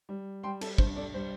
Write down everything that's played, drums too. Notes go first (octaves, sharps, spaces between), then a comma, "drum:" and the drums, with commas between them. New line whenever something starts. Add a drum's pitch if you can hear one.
G3
G3 G5 C6
A4, drum: cymbal
G2 C5, drum: kick
A4 D5
G3 C5